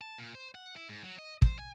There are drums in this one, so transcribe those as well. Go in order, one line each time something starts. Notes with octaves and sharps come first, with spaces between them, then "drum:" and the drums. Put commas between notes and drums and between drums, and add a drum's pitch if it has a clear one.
A5
A#2
C5
F#5
E4
G#2
F#3
D#5
C5, drum: kick
G#5